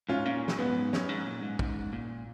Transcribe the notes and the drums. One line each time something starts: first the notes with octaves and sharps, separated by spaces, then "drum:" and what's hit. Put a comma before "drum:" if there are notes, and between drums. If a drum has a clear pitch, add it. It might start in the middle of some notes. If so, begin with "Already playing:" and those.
G#2 C#4 F4
A#2 C#4
drum: snare
G#2 B3
F#2 C#4, drum: snare
G#2
A#2
G#2
G#2, drum: kick
A#2